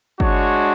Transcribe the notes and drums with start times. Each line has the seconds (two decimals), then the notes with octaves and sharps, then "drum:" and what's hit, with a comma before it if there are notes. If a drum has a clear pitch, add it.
0.20 G#3 D4 F#4 C#5, drum: kick